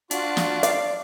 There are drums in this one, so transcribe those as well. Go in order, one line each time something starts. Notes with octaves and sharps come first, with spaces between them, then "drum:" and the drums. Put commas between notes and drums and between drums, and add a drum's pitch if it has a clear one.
D4 F4 F#4, drum: hi-hat
drum: snare
D5 F5, drum: hi-hat